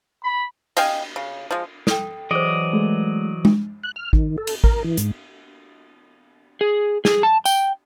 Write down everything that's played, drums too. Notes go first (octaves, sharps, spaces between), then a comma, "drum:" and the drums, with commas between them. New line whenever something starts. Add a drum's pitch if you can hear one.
B5
D#5 F5 G5 G#5, drum: cymbal
C#3
F3 G#3
A4 G5, drum: snare
E3 F#3 G#4 C5 D5 D#5
G#3 A3
drum: tom G#3
F#6
F6
D#3, drum: kick A1
A4
drum: cymbal
A#4, drum: kick A1
E3
G#2, drum: hi-hat
G#4
G#4, drum: snare
A5
G5, drum: tambourine